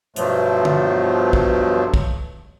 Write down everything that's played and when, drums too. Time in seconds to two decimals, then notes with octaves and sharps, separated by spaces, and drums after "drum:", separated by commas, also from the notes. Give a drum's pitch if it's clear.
0.16 G2 B2 F3 F#3 A3, drum: hi-hat
0.65 drum: tom
1.33 drum: kick
1.94 drum: kick